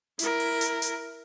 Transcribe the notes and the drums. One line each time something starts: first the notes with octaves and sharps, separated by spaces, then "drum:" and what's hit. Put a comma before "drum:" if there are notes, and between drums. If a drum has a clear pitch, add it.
E4 A#4, drum: hi-hat
drum: open hi-hat
drum: hi-hat
drum: hi-hat